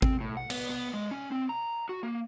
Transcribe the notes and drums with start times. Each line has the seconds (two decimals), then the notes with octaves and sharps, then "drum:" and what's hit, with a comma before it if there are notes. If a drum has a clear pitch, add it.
0.02 C4, drum: kick G#1
0.20 A2
0.37 F#5
0.50 B3, drum: cymbal
0.70 B3
0.94 G#3
1.11 C#4
1.32 C4
1.49 A#5
1.89 F#4
2.03 A#3